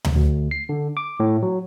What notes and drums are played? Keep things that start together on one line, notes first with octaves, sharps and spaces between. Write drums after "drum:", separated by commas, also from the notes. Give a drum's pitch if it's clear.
drum: tom D2
D2
C7
D3
D6
A2
F#3